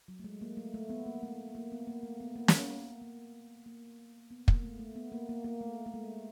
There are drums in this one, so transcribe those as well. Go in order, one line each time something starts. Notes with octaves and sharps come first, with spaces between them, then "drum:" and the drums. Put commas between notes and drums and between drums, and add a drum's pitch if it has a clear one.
F#3
A3
G#3
A#3
A3
A3
B3
A#3
A3
A#3
B3
A#3
A3
B3
A#3
drum: snare
A#3
A#3
B3
A#3, drum: kick
A3
A3
B3
A#3
A#3
A#3
A3
A3
G#3